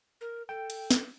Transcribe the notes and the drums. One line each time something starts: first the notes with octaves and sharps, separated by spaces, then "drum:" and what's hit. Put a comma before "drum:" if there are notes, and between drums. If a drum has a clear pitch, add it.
A#4
A4 G5
drum: cymbal
drum: snare